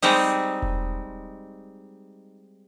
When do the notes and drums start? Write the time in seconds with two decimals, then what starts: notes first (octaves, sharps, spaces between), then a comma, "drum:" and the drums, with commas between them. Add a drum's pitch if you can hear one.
0.02 G3 G#3 C4 D#4, drum: open hi-hat
0.62 drum: kick E1